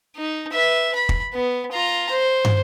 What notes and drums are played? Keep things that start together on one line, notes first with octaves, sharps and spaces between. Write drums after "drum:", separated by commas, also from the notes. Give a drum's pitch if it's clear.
D#4
B4 E5
B5
drum: kick
B3
F4 A#5
C5
drum: tom